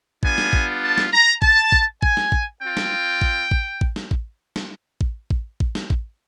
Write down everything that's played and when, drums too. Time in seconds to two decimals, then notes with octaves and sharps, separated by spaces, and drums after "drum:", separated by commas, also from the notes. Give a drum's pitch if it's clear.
0.23 G3 B3 D4 F4 G#5, drum: kick A1
0.38 drum: snare
0.53 drum: kick A1
0.82 A5
0.98 drum: snare
1.12 A#5
1.42 A5, drum: kick A1
1.72 drum: kick A1
2.02 G#5, drum: kick A1
2.17 drum: snare
2.32 drum: kick A1
2.62 C4 F4 G5
2.77 drum: snare
3.22 drum: kick A1
3.51 drum: kick A1
3.81 drum: kick A1
3.96 drum: snare
4.11 drum: kick A1
4.56 drum: snare
5.01 drum: kick A1
5.30 drum: kick A1
5.60 drum: kick A1
5.75 drum: snare
5.90 drum: kick A1